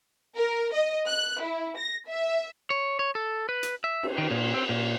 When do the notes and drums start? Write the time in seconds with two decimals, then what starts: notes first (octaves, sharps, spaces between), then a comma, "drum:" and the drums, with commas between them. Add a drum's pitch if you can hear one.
0.36 A#4
0.74 D#5
1.07 F#6
1.42 E4
1.77 A#6
2.08 E5
2.70 C#5
2.99 C#5
3.15 A4
3.49 B4
3.63 drum: hi-hat
3.84 E5
4.03 drum: cymbal
4.18 D#3
4.31 A#2
4.54 C4
4.69 A#2